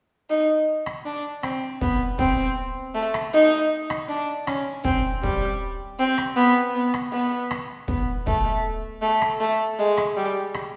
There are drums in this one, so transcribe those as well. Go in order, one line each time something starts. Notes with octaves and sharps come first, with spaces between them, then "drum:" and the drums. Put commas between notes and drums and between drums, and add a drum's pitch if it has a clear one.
D#4
drum: rim click
D4
C4, drum: rim click
B3, drum: kick
C4, drum: kick
A3
drum: rim click
D#4
drum: rim click
D4
C#4, drum: rim click
C4, drum: kick
G3, drum: kick
C4
drum: rim click
B3
B3
drum: rim click
B3
drum: rim click
B3, drum: kick
A3, drum: kick
A3
drum: rim click
A3
G#3
drum: rim click
G3
drum: rim click